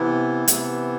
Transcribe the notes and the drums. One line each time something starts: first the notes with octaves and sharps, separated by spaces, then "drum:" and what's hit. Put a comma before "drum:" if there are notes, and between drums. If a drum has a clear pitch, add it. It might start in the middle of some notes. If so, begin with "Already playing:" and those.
Already playing: C3 E3 B3 E4
C3 E3 B3 E4, drum: hi-hat